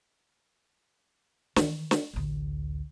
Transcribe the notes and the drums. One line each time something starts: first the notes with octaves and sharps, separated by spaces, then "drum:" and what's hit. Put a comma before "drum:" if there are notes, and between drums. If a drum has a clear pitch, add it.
D#3 E3, drum: snare
drum: snare
A1 D2